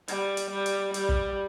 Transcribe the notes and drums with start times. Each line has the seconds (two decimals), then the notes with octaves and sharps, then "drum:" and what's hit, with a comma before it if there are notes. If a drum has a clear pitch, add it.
0.08 G3, drum: hi-hat
0.37 drum: hi-hat
0.51 G3
0.66 drum: hi-hat
0.94 G3, drum: hi-hat
1.09 drum: kick